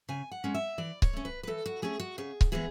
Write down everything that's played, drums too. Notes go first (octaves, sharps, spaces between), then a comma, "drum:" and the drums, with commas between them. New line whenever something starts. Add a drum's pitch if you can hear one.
C#3 G#5
F#5
G#3 C#4
E5
E3 D5
C#5, drum: kick C#1
A3 C#4
B4
B4
E3 A4
F#4
A3 C#4 G#4
F#4
C#3 G#4
drum: kick C#1
E3 G#3 B3 G#4